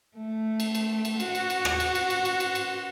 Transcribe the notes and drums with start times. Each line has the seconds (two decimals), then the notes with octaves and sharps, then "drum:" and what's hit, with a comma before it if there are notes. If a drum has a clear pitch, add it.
0.17 A3
0.60 drum: cymbal
0.75 drum: cymbal
1.05 drum: cymbal
1.20 F#4, drum: cymbal
1.35 drum: cymbal
1.50 drum: cymbal
1.65 drum: rim click
1.80 drum: cymbal
1.95 drum: cymbal
2.10 drum: cymbal
2.25 drum: cymbal
2.40 drum: cymbal
2.55 drum: cymbal